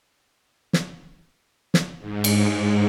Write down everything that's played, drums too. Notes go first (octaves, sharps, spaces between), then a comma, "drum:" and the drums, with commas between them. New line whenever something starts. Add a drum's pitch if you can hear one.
drum: snare
drum: snare
G#2
drum: cymbal